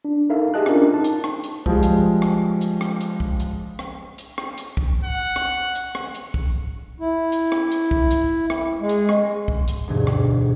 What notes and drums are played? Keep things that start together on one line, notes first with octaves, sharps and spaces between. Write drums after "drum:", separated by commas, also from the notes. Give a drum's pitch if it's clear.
D4
D#4 A4 A#4 E5 F5
G4 G#4 D#5 A5 F#6
C#4 D4 F4 A#4, drum: rim click
D#4 A5
drum: hi-hat
drum: rim click
drum: hi-hat
F3 G3 G#3, drum: kick
drum: hi-hat
drum: rim click
drum: hi-hat
drum: rim click
drum: hi-hat
drum: kick
drum: hi-hat
drum: rim click
drum: hi-hat
drum: rim click
drum: hi-hat
drum: kick
F#5
drum: rim click
drum: hi-hat
drum: rim click
drum: hi-hat
drum: kick
E4
drum: hi-hat
drum: rim click
drum: hi-hat
drum: kick
drum: hi-hat
drum: rim click
G#3
drum: hi-hat
drum: rim click
drum: kick
drum: hi-hat
E1 D2 G2 B2 D#4 G#6
drum: rim click